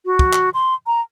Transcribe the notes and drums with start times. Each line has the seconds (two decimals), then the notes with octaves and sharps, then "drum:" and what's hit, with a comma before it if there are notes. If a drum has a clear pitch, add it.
0.06 F#4
0.19 drum: kick
0.33 drum: clap
0.54 C6
0.87 A#5